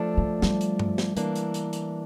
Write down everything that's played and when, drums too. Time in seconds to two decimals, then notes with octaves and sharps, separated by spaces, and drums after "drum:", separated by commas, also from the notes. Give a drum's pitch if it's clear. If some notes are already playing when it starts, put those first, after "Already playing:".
Already playing: F3 A3 D4 A4
0.17 A#3
0.42 G3, drum: snare
0.61 drum: hi-hat
0.79 drum: tom G2
0.98 drum: snare
1.17 E3 A#3 D4, drum: hi-hat
1.36 drum: hi-hat
1.54 drum: hi-hat
1.73 drum: hi-hat